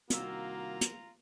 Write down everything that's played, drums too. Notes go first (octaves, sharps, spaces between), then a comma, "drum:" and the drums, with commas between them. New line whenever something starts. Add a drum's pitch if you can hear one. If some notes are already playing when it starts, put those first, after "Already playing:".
C2 D#3 A#3 F4 F#4 E5 A#5, drum: hi-hat
drum: hi-hat